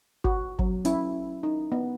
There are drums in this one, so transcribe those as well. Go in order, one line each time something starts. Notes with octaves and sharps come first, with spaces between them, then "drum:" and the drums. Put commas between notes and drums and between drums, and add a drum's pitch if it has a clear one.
F#4, drum: kick G1
F#3, drum: kick G1
C#4 E4, drum: hi-hat
D#4
B3